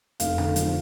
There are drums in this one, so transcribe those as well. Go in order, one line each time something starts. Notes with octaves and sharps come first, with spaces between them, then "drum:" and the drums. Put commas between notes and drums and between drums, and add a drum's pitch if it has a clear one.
F1 F5, drum: hi-hat
D3, drum: rim click
F3, drum: hi-hat